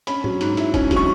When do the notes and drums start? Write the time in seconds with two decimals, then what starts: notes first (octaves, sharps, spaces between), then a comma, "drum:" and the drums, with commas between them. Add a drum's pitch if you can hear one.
0.07 C#4 B5, drum: hi-hat
0.24 F#3, drum: tom
0.41 G#2, drum: hi-hat
0.57 E4, drum: hi-hat
0.74 C#4, drum: kick, hi-hat
0.91 F#3, drum: kick, hi-hat
0.96 C#6